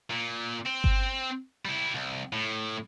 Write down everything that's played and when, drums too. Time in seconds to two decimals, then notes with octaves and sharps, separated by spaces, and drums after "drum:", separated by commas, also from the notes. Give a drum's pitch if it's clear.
0.10 A#2
0.66 C4
0.84 drum: kick G1
1.65 G3 E4
1.95 C2
2.33 A2